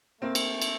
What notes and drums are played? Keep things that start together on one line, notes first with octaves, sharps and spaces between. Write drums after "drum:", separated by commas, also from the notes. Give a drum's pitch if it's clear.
A3 A#3 C4
drum: cymbal
drum: cymbal